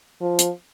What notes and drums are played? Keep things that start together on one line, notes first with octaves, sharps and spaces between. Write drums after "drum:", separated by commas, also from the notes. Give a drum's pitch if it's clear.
F3
drum: hi-hat